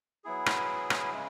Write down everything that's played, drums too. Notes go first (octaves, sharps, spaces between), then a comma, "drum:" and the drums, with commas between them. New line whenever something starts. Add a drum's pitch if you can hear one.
F#3 B3 E4 G#4
drum: rim click
drum: rim click
C#3 G#3